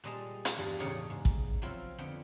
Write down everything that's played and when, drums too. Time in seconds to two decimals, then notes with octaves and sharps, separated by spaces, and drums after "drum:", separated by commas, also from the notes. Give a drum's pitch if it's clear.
0.04 A#2 G3 G#3 D#5 A5 A#5
0.45 drum: hi-hat
0.57 E2 G2 G3
0.79 E2 A2 C#3 D#4 C#5 D5
1.10 G#2
1.25 drum: kick
1.62 F3 F#3 C4 E4 F4
1.98 F2 D3 B3 G5